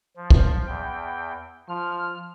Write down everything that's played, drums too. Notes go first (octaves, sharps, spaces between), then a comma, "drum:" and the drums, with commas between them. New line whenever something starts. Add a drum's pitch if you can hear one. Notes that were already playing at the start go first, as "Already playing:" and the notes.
F3
drum: kick
E2 G5
F3 F6